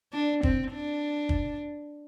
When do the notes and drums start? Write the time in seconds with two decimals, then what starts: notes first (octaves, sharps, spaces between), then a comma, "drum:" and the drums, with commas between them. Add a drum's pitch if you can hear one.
0.13 D4
0.43 C4, drum: kick
0.73 D4
1.29 drum: kick